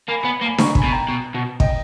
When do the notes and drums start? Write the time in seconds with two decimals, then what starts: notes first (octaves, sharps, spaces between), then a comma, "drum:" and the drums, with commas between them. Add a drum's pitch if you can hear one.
0.08 A#3 G#5 B5
0.21 B3 G#5 B5
0.42 A#3
0.46 G#5 B5
0.58 A#5 C#6, drum: snare D4
0.75 G#5 B5, drum: kick
0.84 B2
0.92 G5 A#5
1.09 B2
1.34 B2
1.60 D#5 G5, drum: kick